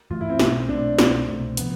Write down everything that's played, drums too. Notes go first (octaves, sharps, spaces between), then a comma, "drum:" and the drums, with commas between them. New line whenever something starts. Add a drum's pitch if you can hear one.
G2 E3 A3 F4
E4
C4
B1 B2 A3, drum: snare
C4
B1 B2 A3 D4
C2 B2 A3 C4, drum: snare
C2 B2 A3
C3 F3 B3, drum: hi-hat